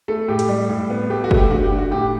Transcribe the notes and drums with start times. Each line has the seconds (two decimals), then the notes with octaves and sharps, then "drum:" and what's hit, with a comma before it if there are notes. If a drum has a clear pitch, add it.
0.08 A3 A4
0.28 A2 G4
0.39 drum: hi-hat
0.49 G3
0.70 A2
0.90 B3
1.10 A3 G4
1.24 F#4
1.31 A3, drum: kick
1.37 G4
1.51 D3 F#4
1.64 G4
1.71 D3
1.78 F#4
1.91 A2 G4